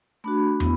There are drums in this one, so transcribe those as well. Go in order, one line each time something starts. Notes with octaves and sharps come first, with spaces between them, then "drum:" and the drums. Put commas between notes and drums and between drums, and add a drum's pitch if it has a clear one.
A3 D4 F#4 B5
B3 E4, drum: tom